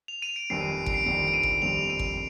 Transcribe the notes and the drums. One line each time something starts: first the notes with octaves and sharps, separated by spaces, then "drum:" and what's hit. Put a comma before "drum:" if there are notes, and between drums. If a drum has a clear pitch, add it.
F7
D#7
D7
G1 F2 D#3 G3 C4 C7
C7
D7, drum: kick G#1
C7
G1 F2 D#3 G3 C4 D7
D7
D#7
drum: kick G#1
G1 F2 D#3 G3 C4 F7
D#7
drum: kick G#1